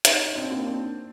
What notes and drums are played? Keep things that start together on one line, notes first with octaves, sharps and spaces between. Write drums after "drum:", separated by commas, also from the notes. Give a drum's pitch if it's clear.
C#4 D#4, drum: hi-hat
D#4
C4 D4
A#3 C4
C4 D4